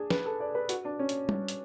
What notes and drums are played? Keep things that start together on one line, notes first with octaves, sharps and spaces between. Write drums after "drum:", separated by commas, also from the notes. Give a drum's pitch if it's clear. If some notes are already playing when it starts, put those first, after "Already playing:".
Already playing: D4 G#4
B4, drum: snare
A4
D5
B4
F#4, drum: hi-hat
D4
C#4
drum: hi-hat
drum: tom G3
drum: hi-hat